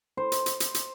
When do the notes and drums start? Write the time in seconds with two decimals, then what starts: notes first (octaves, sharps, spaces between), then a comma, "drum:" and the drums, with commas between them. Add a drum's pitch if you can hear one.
0.17 C5
0.32 drum: hi-hat
0.46 drum: hi-hat
0.60 drum: hi-hat
0.74 drum: hi-hat